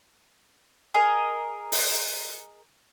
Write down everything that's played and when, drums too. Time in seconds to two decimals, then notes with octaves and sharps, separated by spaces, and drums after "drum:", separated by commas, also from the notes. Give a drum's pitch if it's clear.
0.94 G#4 A#4 D#5
1.72 drum: open hi-hat